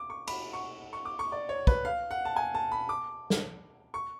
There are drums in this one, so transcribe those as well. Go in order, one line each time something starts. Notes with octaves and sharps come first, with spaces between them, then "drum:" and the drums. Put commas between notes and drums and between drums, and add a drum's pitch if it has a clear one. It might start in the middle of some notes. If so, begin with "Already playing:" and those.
Already playing: D6
C#6
B5, drum: cymbal
C#6
C#6
D6
C#6
D5
C#5
B4, drum: kick
F5
F#5
A5
G#5
A5
B5
D6
drum: snare
C#6